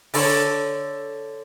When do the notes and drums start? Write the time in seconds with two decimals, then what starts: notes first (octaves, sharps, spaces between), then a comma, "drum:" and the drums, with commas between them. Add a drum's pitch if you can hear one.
0.14 D3 A4 C#5, drum: open hi-hat